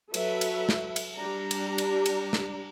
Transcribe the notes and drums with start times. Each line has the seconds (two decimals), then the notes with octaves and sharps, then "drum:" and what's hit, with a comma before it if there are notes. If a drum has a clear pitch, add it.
0.14 F#3 A4 B4 E5, drum: cymbal
0.41 drum: cymbal
0.69 drum: snare
0.96 drum: cymbal
1.16 G3 D4 G4 A#5
1.51 drum: cymbal
1.78 drum: cymbal
2.06 drum: cymbal
2.33 drum: snare